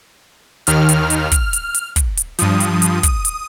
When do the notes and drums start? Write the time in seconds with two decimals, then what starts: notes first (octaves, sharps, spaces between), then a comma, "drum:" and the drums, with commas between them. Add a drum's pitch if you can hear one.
0.67 D#2 D#3 F6, drum: hi-hat
0.89 drum: hi-hat
1.10 drum: hi-hat
1.32 drum: kick, hi-hat
1.53 drum: hi-hat
1.74 drum: hi-hat
1.96 drum: kick, hi-hat
2.17 drum: hi-hat
2.39 G2 F3 D#6, drum: hi-hat
2.60 drum: hi-hat
2.82 drum: hi-hat
3.03 drum: kick, hi-hat
3.25 drum: hi-hat